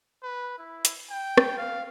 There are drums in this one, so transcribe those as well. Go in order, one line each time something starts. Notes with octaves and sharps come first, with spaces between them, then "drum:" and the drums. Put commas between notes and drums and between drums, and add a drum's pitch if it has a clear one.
B4
E4
drum: hi-hat
G5
drum: rim click
F5